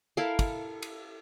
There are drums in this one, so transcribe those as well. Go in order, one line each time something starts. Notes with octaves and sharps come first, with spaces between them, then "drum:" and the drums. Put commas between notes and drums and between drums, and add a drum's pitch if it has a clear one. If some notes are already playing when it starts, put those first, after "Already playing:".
E4 A4 A#4 F5
drum: kick, cymbal
drum: cymbal